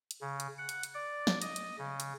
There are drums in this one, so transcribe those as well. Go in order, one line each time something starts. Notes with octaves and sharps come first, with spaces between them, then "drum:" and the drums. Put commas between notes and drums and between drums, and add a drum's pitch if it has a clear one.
drum: hi-hat
C#3
drum: hi-hat
F#5
drum: hi-hat
drum: hi-hat
D5
drum: snare
D#5, drum: hi-hat
drum: hi-hat
C#3
drum: hi-hat